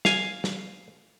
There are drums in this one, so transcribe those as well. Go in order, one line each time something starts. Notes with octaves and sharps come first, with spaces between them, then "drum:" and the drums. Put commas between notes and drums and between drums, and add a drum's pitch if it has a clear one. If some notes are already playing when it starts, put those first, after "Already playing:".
F5 G#5, drum: snare
drum: snare